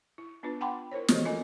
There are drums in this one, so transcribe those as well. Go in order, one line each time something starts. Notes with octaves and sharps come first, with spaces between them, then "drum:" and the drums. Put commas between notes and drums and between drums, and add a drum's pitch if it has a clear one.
E4
B3 D4 F4 B4
F#5 G5 A5 B5 C6 D6
E4 A#4 C5 C#5
E3 F3 F#4 A4 C5 D#5, drum: snare
C#4 F4 A4 A#4 D#5 G#5